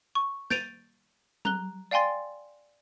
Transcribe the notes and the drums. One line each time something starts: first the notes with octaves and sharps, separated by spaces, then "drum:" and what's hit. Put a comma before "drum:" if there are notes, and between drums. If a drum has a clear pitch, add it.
C#6
G6 A6 D7 D#7 F7, drum: snare
A#5 F#6 G7, drum: tom F#3
D5 F5 G5 G#5 C6 A6